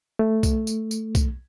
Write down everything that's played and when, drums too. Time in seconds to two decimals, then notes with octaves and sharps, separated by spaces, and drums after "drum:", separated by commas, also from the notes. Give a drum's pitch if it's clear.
0.19 A3
0.43 drum: kick, tambourine
0.67 drum: tambourine
0.91 drum: tambourine
1.15 drum: kick, tambourine